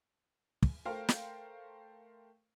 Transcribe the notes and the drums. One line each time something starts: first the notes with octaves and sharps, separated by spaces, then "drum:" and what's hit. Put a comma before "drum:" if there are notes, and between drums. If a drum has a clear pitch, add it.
drum: kick
A3 A#4 C5 F5 G5 F6
drum: snare